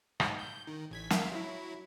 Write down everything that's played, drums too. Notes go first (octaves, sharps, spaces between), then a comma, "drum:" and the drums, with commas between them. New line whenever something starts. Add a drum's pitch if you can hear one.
G#2, drum: rim click
G6
D#3
A1 G#6 B6
A#4 E5 F5, drum: snare
F#3 E4